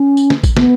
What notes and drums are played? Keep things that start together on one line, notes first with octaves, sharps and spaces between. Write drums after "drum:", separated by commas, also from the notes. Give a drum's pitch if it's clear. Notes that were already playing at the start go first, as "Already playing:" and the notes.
Already playing: C#4
drum: tambourine
drum: snare
drum: kick A1, tambourine
B3, drum: snare